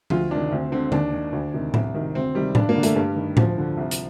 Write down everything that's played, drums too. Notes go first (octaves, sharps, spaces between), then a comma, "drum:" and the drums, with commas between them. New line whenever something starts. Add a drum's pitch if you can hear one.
D2 F4, drum: tom F3
C3 D#3 D4
D2 C4
D3 C4
D#2 D4, drum: tom D3
D#3
D2
C3 D#3
C2, drum: tom A2
C3 D#3
D2 C4
C3 D#3 G3
G2 D4, drum: tom A2
A#3
D3
A3, drum: hi-hat
G2 G3
D#3
D2 F3, drum: tom A2
D3
C2
drum: hi-hat